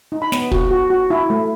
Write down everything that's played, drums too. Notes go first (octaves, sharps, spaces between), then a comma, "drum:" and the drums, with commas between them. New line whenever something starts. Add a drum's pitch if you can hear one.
D#4
B5
B3, drum: snare
F#4, drum: kick
F#4
F#4
E4
A3